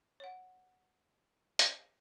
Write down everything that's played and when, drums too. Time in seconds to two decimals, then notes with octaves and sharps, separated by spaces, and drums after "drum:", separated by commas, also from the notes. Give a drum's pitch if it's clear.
0.20 C#5 F#5
1.59 drum: hi-hat